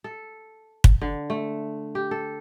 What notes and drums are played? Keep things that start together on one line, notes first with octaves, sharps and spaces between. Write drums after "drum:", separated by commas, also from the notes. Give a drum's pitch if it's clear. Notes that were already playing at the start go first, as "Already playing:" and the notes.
A4
drum: kick
D3
A3
G4
A4